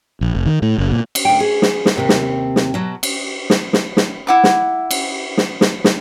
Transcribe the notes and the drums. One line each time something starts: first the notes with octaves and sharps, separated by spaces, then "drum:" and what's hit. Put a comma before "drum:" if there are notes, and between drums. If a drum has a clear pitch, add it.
A#1
F1
D#3
A2
F#1
A#2
drum: cymbal
D2 G5
G#4
drum: snare
drum: snare
D#2 C3 C4
drum: snare
drum: snare
B2 F#3
drum: cymbal
drum: snare
drum: snare
drum: snare
E4 F#5 D6
drum: snare
drum: cymbal
drum: snare
drum: snare
drum: snare